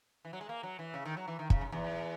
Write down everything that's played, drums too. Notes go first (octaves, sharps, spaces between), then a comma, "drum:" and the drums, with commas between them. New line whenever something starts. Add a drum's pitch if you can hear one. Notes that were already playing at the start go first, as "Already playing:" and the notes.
E3
F#3
G#3
A#3
F#3
E3
C#3
D#3
F#3
E3
D#3
C#3, drum: kick
F#2
E2